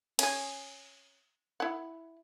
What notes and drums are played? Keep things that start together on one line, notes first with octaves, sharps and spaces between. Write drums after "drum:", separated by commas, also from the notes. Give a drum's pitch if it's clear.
C#4 G#4, drum: cymbal
E4 F#5